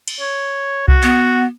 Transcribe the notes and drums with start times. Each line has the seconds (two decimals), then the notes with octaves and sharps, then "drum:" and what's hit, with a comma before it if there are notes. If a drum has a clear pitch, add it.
0.08 drum: cymbal
0.20 C#5
0.88 F#4, drum: kick C2
1.03 B3, drum: hi-hat